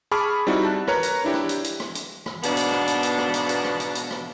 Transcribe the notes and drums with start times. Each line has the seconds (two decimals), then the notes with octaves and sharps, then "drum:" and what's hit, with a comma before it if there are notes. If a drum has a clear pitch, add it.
0.11 G#4 A5 B5 C#6 D6 F6
0.47 G3 C4 D#4 E4 F#4
0.65 A5 F#6
0.88 A#4 B4 C#5 A#5 F#6, drum: rim click
1.03 drum: hi-hat
1.24 D4 E4 G4
1.34 drum: rim click
1.49 drum: hi-hat
1.64 drum: hi-hat
1.80 drum: rim click
1.95 drum: hi-hat
2.26 drum: rim click
2.43 G#2 B2 A#3 B3 D4, drum: hi-hat
2.57 drum: hi-hat
2.72 drum: rim click
2.88 drum: hi-hat
3.03 drum: hi-hat
3.18 drum: rim click
3.34 drum: hi-hat
3.49 drum: hi-hat
3.64 drum: rim click
3.80 drum: hi-hat
3.95 drum: hi-hat
4.11 drum: rim click